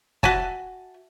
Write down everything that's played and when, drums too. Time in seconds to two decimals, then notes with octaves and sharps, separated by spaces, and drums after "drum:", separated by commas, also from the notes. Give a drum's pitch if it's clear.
0.23 F#4 E5 G#5 A5, drum: kick